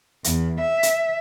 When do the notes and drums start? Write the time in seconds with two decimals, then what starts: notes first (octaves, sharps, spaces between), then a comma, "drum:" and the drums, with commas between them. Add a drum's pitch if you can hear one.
0.24 E2, drum: hi-hat
0.61 E5
0.83 drum: hi-hat